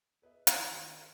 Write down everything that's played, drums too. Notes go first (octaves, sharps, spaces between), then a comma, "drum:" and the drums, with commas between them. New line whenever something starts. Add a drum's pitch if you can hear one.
G#4 B4 D#5 E5
D#3 F3 G#3 D#4 F4 D5, drum: hi-hat
D#3 F#4 D#5 D#7
C5